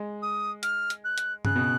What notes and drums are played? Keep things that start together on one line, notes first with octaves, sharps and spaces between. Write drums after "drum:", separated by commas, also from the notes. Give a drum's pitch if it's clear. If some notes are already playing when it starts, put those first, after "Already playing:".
Already playing: G#3
D#6
F6, drum: hi-hat
drum: hi-hat
F#6
drum: hi-hat
C#3 F#6, drum: tom G2
B2